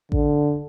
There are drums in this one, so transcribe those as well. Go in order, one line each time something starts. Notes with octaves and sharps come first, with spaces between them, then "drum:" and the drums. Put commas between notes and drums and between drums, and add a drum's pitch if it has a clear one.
D3, drum: kick A1